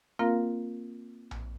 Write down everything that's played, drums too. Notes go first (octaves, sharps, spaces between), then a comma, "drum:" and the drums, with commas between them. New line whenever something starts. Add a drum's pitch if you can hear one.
A#3 C4 F4 A#4 F5 A#5
drum: tom A#1